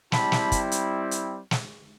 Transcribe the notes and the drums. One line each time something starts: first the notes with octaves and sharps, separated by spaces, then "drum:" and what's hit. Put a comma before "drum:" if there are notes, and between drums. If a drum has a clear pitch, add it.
G3 C4 E4 A5 B5, drum: snare
drum: snare
drum: kick, hi-hat
drum: hi-hat
drum: hi-hat
drum: snare